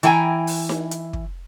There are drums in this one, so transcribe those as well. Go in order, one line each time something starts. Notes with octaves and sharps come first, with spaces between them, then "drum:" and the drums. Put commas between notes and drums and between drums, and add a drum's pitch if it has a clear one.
E3 E4 G5 G#5 A#5, drum: hi-hat
drum: open hi-hat
drum: snare D#4
drum: hi-hat
drum: kick